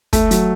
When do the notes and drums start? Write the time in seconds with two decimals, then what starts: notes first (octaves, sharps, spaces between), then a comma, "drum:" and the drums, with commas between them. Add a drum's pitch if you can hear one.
0.13 A3, drum: kick, hi-hat
0.31 F#3, drum: hi-hat